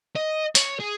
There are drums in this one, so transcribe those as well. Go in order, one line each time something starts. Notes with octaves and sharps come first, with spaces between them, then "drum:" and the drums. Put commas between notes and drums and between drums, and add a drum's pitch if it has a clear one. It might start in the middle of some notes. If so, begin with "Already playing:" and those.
D#5
C#5, drum: hi-hat
G#4